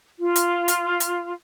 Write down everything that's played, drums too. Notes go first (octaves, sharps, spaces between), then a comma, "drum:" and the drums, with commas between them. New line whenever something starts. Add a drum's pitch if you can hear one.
F4
drum: hi-hat
drum: hi-hat
drum: hi-hat